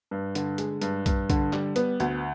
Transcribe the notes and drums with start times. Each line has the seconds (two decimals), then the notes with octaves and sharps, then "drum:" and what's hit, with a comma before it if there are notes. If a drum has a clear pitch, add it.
0.11 G2
0.35 D3, drum: hi-hat
0.58 G#3, drum: hi-hat
0.81 G2, drum: hi-hat
1.06 G2, drum: kick, hi-hat
1.30 D3, drum: kick, hi-hat
1.53 G3, drum: clap
1.76 B3, drum: hi-hat
2.00 D2, drum: hi-hat